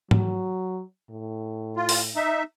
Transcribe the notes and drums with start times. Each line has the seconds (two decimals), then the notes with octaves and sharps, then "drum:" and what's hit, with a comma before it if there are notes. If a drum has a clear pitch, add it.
0.11 F#3, drum: tom
1.10 A2
1.76 F4
1.89 drum: open hi-hat
2.16 D#4 E5